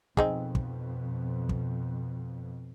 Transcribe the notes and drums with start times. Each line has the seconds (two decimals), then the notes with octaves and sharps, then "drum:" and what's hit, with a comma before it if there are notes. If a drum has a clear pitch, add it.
0.17 F2 B2 C4 D#4 G#4, drum: kick
0.55 drum: kick
1.49 drum: kick